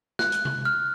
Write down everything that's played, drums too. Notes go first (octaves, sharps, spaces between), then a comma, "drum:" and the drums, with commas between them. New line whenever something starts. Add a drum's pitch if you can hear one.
F#6, drum: snare
drum: hi-hat
drum: tom C3
F6